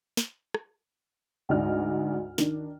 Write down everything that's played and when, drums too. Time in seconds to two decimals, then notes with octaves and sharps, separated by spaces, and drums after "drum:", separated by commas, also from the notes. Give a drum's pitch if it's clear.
0.17 drum: snare
0.54 drum: rim click
1.49 D2 G#2 D5 D#5 F6
2.38 D#3 D4, drum: snare